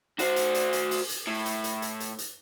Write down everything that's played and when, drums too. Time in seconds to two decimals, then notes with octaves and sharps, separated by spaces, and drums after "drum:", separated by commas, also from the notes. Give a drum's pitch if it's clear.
0.19 F#4 C5, drum: hi-hat
0.36 drum: hi-hat
0.54 drum: hi-hat
0.73 drum: hi-hat
0.91 drum: open hi-hat
1.09 drum: hi-hat
1.27 A2
1.46 drum: hi-hat
1.64 drum: hi-hat
1.82 drum: hi-hat
2.00 drum: hi-hat
2.18 drum: hi-hat